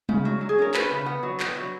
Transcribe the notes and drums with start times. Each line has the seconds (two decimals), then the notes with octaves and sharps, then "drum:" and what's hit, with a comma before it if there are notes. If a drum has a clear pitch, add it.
0.09 C#3, drum: tom
0.25 F#3
0.41 F#3
0.49 G#4
0.58 C#4 A#4
0.74 F#4 B4, drum: clap
0.91 C#3
1.06 B3
1.23 F#3
1.40 B3, drum: clap
1.56 F#3